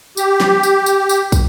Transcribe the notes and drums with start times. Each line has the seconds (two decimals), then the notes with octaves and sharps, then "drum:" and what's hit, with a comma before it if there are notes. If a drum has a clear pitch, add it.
0.17 G4, drum: tambourine
0.40 drum: snare
0.63 drum: tambourine
0.86 drum: tambourine
1.09 drum: tambourine
1.32 drum: kick, tambourine